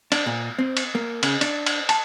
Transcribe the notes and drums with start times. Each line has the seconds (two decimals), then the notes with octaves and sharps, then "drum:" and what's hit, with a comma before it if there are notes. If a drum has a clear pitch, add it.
0.12 D4, drum: cymbal
0.26 A#2
0.59 C4
0.77 drum: cymbal
0.95 A#3
1.23 C#3, drum: cymbal
1.41 D4, drum: cymbal
1.66 drum: cymbal
1.89 A5, drum: cymbal